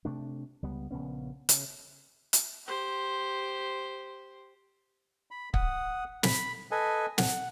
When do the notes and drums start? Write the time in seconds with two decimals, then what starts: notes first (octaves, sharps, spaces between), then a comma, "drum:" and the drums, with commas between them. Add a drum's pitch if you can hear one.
0.05 C3 A3 D4
0.62 C#2 G3 B3
0.91 A#1 C#3 B3 C#4
1.49 C#3, drum: hi-hat
2.33 drum: hi-hat
2.66 G4 C5
5.31 B5
5.54 F#5 D#6, drum: kick
6.23 B5, drum: snare
6.71 A4 B4 D#5 G#5
7.18 F#5, drum: snare